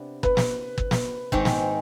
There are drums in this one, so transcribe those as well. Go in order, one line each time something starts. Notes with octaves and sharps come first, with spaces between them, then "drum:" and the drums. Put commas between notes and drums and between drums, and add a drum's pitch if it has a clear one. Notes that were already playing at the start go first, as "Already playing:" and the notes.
Already playing: C3 B3 D4
B4, drum: kick
drum: snare
drum: kick
drum: snare
G#2 D#3 G#3 C4, drum: kick
drum: snare